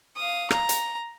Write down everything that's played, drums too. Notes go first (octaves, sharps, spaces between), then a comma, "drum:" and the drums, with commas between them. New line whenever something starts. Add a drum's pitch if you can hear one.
F5 D#6
A#5, drum: rim click
drum: hi-hat